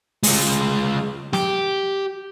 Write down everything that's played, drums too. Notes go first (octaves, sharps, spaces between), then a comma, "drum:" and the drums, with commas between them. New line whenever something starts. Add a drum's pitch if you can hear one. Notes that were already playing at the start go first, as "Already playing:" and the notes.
G#3 F4, drum: open hi-hat
G4, drum: snare